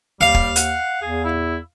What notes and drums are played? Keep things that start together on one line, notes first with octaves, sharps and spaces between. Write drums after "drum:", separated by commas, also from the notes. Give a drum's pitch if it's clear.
D#2 G3 F5
drum: kick
F#5, drum: hi-hat
E2 G#4
E4